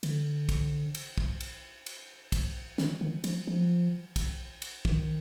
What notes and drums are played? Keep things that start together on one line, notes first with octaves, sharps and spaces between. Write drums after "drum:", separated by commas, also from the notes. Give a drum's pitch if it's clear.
D3, drum: cymbal
drum: kick, cymbal
drum: cymbal
drum: kick
drum: cymbal
drum: cymbal
drum: kick, cymbal
D#3, drum: snare
D#3
F3, drum: cymbal
F3
drum: kick, cymbal
drum: cymbal
D#3, drum: kick